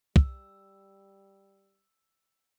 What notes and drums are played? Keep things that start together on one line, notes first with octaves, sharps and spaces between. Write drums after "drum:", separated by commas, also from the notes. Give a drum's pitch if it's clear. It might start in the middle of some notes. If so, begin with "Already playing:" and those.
G3 E6, drum: kick